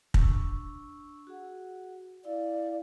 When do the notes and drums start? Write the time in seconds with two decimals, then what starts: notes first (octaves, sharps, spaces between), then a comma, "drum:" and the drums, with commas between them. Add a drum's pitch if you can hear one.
0.14 D4 C#6 E6, drum: kick
1.27 F#4 G#4 F#5
2.25 E4 D5 F5